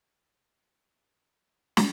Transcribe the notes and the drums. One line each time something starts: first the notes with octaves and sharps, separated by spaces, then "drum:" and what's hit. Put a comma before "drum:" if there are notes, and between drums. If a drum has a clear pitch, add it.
A#2
F4
drum: snare